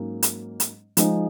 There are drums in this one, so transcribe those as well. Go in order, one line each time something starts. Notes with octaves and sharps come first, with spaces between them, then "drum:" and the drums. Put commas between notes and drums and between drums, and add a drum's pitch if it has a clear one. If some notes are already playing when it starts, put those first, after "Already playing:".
Already playing: G#2 F#3 A#3 C#4
drum: hi-hat
drum: hi-hat
F3 G#3 D#4, drum: hi-hat